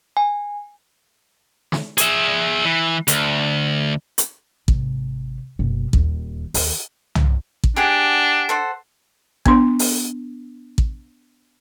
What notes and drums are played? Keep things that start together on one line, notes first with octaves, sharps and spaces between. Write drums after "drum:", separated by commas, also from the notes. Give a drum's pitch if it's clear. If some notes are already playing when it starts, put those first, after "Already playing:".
G#5
drum: snare
G#4 E5, drum: hi-hat
E3
D2, drum: hi-hat
drum: hi-hat
G#1 C3, drum: kick
F#1 B2
D#1 D#2, drum: kick
D#2, drum: open hi-hat
drum: tom
drum: kick
D4 G4 G#4 F#5
A4 C5 F#5
B3 D4 C6, drum: kick
drum: open hi-hat
drum: kick